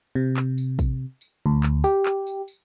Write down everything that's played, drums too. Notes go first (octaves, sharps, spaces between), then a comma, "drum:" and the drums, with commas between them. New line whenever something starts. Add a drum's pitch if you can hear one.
C3
drum: clap
drum: tambourine
drum: kick, tambourine
drum: tambourine
D2
drum: clap
G4, drum: tambourine
drum: clap
drum: tambourine
drum: tambourine